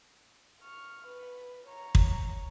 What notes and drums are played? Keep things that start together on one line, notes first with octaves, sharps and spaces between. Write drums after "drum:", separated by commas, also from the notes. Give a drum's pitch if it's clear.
C#6 F6
B4
C#5 A#5
drum: kick